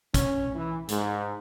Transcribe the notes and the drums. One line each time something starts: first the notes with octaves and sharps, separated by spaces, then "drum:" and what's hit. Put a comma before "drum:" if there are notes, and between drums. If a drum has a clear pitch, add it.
C#4, drum: kick, hi-hat
E3
G#2, drum: hi-hat